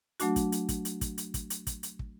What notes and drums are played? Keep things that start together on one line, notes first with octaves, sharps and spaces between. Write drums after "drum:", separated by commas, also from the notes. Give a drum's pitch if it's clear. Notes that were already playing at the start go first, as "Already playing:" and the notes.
F#3 A3 D4 F#4, drum: hi-hat
drum: kick, hi-hat
drum: hi-hat
drum: kick, hi-hat
drum: hi-hat
drum: kick, hi-hat
drum: hi-hat
drum: kick, hi-hat
drum: hi-hat
drum: kick, hi-hat
drum: hi-hat
drum: kick